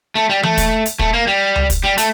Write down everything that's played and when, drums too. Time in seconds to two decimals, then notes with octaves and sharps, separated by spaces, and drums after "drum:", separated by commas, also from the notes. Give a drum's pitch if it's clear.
0.15 A3
0.29 G3
0.43 A3, drum: tom E3
0.57 drum: kick, hi-hat
0.86 drum: hi-hat
0.99 A3, drum: kick
1.13 A#3
1.27 G3
1.56 drum: tom C#2
1.70 drum: kick, hi-hat
1.84 G3
1.98 A3, drum: hi-hat